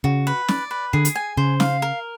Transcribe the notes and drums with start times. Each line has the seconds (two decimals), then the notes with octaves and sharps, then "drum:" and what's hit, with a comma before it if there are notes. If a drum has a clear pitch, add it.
0.04 C#3 F#4
0.27 B4
0.48 D5, drum: snare
0.71 B4
0.93 D3 G#4
1.05 drum: hi-hat
1.15 G#5
1.37 C#3 C5
1.60 F5, drum: snare
1.82 A#4